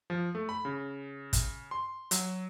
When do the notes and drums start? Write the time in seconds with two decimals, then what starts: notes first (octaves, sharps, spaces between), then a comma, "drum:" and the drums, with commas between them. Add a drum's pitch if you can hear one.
0.10 F3
0.35 A3
0.49 B5
0.65 C#3
1.33 drum: kick, hi-hat
1.71 C6
2.11 F#3, drum: hi-hat